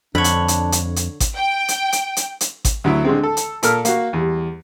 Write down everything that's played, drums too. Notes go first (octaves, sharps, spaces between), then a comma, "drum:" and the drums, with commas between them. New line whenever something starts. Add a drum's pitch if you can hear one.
F2 D3 D4 C#5 B5
drum: hi-hat
drum: hi-hat
drum: hi-hat
drum: hi-hat
drum: kick G#1, hi-hat
G5
drum: hi-hat
drum: hi-hat
drum: hi-hat
drum: hi-hat
drum: kick G#1, hi-hat
D2 F#3 E4
D3 G#3 C4
A4
drum: hi-hat
A#2 A4 A#4 F6, drum: hi-hat
A#3 F#4, drum: hi-hat
E2 G3